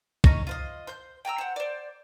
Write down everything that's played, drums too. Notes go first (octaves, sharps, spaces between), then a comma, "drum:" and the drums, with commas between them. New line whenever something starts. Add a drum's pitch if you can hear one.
C#4 D#4 C#5 A#5, drum: kick
F4 C5 D#5
C5 G6
G5 G#5 A#5 E6
C5 F#5
C5 D5